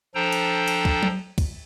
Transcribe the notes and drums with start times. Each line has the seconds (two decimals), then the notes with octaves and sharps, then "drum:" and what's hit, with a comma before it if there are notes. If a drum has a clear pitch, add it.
0.15 F3 D4 A4 C5 G5 A#5
0.32 drum: cymbal
0.68 drum: cymbal
0.85 drum: kick
1.03 drum: tom F#3
1.38 drum: kick, cymbal